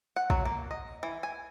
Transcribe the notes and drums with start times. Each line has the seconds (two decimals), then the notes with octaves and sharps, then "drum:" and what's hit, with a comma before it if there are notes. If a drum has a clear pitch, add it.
0.16 F#5
0.30 F#3, drum: kick
0.45 A#3
0.71 D#5
1.03 E3
1.23 G#5